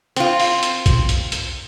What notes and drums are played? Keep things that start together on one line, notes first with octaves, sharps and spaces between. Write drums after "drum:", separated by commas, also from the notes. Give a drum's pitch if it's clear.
C4 F4, drum: hi-hat
drum: open hi-hat
drum: hi-hat
drum: kick, hi-hat
drum: hi-hat
drum: hi-hat